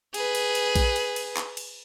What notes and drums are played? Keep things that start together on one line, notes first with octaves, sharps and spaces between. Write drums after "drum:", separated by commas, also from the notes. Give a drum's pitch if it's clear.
G#4 B4, drum: cymbal
drum: cymbal
drum: cymbal
drum: kick A#1, cymbal
drum: cymbal
drum: cymbal
drum: clap
drum: cymbal